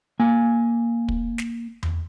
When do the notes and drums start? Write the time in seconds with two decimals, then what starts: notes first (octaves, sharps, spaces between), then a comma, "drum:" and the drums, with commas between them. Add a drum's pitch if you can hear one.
0.20 A#3 G#5
1.08 drum: kick
1.38 drum: snare
1.83 drum: tom E2